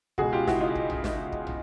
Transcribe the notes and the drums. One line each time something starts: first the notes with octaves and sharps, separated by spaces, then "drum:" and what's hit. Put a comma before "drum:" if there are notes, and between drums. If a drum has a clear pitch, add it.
C#2 B2 G#3 F#4 G#4, drum: kick
F4 G4
E4 F#4, drum: snare
D#4 F4
drum: kick
drum: tom
drum: snare
drum: kick
drum: tom